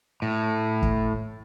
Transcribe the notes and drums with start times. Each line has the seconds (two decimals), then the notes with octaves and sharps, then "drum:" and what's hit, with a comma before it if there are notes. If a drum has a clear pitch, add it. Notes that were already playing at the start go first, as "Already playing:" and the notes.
0.22 A2
0.82 drum: kick